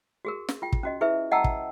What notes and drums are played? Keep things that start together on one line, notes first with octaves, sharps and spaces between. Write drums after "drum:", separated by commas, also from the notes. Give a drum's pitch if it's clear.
F#4 G#4 A#4
drum: snare
F4 G5
drum: kick
C#4 F#4 D#5
E4 G#4 A#4 B4 E5
D#5 F#5 G5 A5 A#5 E6
drum: kick